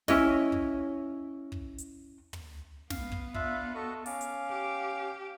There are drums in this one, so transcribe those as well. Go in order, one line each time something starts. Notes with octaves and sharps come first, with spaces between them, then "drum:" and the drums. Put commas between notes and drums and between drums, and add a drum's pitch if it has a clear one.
C#4 E4 C#5 D#5, drum: snare
drum: kick
drum: kick
drum: hi-hat
drum: tom
B3 F5, drum: snare
drum: kick
D4 F4 E5 F5, drum: kick
F#4 A4 D#5 C#6
C#4 F5 D6, drum: open hi-hat
drum: hi-hat
G4